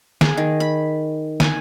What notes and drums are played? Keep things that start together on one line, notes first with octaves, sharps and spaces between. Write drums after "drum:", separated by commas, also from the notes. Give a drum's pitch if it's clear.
G#4, drum: snare
D#3
B5
G#5, drum: snare